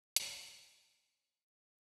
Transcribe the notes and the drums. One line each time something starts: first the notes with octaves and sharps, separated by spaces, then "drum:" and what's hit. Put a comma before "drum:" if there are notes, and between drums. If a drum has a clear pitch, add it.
B3 C#4, drum: hi-hat